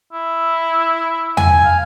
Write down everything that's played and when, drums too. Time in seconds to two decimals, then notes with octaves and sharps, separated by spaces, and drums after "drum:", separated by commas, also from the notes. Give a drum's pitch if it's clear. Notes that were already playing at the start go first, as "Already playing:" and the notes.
0.13 E4
1.37 G#5, drum: tom E2
1.64 F5